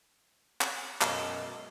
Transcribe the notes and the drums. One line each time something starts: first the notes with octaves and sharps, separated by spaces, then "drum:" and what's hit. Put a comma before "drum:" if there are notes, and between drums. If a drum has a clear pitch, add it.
drum: clap
F#2 B2 G#3 A4, drum: clap